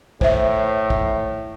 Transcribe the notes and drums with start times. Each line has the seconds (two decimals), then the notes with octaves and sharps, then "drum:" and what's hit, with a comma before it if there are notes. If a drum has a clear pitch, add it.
0.21 A2 C5 E5, drum: kick
0.90 drum: kick